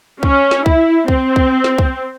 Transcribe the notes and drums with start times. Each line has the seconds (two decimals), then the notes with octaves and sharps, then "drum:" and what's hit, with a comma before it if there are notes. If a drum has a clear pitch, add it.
0.23 C#4, drum: kick
0.51 drum: snare
0.66 E4, drum: kick
1.08 C4, drum: kick
1.36 drum: kick
1.64 drum: snare
1.78 drum: kick